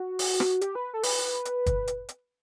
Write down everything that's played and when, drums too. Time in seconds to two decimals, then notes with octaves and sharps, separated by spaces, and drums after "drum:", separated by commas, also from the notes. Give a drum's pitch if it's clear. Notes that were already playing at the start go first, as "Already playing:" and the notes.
Already playing: F#4
0.19 drum: open hi-hat
0.40 drum: rim click
0.61 G4, drum: hi-hat
0.75 B4
0.94 A4
1.03 B4, drum: open hi-hat
1.45 drum: hi-hat
1.66 drum: kick, hi-hat
1.87 drum: hi-hat
2.09 drum: hi-hat